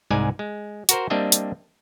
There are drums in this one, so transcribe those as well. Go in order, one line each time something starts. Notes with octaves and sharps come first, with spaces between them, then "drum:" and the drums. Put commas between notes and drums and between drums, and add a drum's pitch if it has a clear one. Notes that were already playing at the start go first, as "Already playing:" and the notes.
C2 G#2 G#3 D5 G#5
G#3
F#4 A#4 C5, drum: hi-hat
G3 A#3 C4 D4 D#5 E5
drum: hi-hat